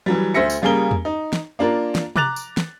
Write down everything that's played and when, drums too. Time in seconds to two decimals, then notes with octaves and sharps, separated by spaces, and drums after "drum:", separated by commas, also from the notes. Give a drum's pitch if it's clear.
0.06 E3 F#3 G3
0.34 D2 C5 E5 A#6 C#7
0.50 drum: tambourine
0.62 C#3 G3 A#3 G#4 A#4 G7
0.91 drum: tom E2
1.05 D#4
1.33 drum: snare
1.59 A#3 D4 F4 A#4
1.95 drum: snare
2.16 A#5 D6 F#6 A6 F7, drum: tom C3
2.36 drum: tambourine
2.57 drum: snare